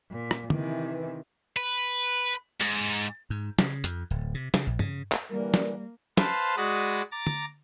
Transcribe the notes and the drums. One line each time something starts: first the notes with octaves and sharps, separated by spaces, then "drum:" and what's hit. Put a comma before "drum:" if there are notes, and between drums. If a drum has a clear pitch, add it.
A#2
drum: rim click
C3 D#3 E3, drum: tom
B4
G#2, drum: hi-hat
G#2
C#3, drum: snare
F2, drum: hi-hat
D1
C3
C#3, drum: snare
A#1
C#3, drum: tom
drum: clap
D3 E3 G3 A#3 A#4
drum: snare
B4 C5 F5 A5, drum: snare
G#3 F#4 D5 B5 D#6
A#5 D6 A6
drum: tom